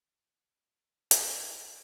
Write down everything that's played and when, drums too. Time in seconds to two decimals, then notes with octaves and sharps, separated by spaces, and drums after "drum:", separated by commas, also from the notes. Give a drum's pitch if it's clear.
0.22 F#4 G#4 A#4 B4 E5
1.11 drum: hi-hat